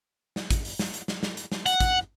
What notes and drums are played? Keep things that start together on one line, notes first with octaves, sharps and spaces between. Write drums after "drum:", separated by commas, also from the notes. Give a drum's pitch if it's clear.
drum: snare
drum: kick, hi-hat
drum: open hi-hat
drum: snare
drum: hi-hat
drum: snare
drum: snare
drum: hi-hat
drum: snare
F#5, drum: hi-hat
drum: kick, hi-hat